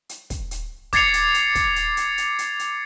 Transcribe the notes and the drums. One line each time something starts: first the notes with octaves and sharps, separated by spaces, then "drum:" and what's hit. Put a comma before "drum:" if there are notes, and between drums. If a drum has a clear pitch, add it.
drum: hi-hat
drum: kick, hi-hat
drum: hi-hat
D6 G#6 A6 C7 C#7 F7, drum: kick, hi-hat
drum: hi-hat
drum: hi-hat
drum: kick, hi-hat
drum: hi-hat
drum: hi-hat
drum: hi-hat
drum: hi-hat
drum: hi-hat